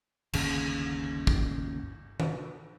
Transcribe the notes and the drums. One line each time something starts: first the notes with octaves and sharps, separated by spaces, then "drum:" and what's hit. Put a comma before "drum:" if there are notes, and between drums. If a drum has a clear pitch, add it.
G1 D#2 C#3, drum: cymbal
drum: kick
drum: tom D#3